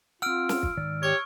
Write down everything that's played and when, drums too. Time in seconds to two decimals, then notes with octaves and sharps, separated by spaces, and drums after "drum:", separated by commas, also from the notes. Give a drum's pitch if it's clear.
0.22 C4 F4 F#5 E6 F6 D7
0.49 drum: snare
0.63 drum: kick
0.77 G#2 D#3 D5
1.03 G4 C#5 C#6